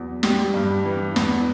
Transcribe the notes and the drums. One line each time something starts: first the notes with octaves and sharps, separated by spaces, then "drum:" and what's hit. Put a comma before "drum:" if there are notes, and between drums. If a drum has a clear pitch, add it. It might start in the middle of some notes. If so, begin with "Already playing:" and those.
Already playing: E2 F#3
G3 G4, drum: snare
G2
E3
E2, drum: snare